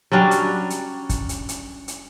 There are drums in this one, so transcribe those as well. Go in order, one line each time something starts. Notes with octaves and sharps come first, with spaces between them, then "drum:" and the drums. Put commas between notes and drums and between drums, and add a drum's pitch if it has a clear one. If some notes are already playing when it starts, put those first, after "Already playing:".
F#3 G3 C#4 D4
drum: hi-hat
drum: hi-hat
drum: kick, hi-hat
drum: hi-hat
drum: hi-hat
drum: hi-hat